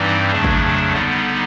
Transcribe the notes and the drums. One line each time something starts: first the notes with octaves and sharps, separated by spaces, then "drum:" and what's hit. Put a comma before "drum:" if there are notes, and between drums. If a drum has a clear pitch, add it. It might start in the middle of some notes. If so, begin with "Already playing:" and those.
Already playing: G2 E3 G3 C4 D#4
F2 C#3 F#3 A3 D4
drum: kick
D3 G3 B3 D#4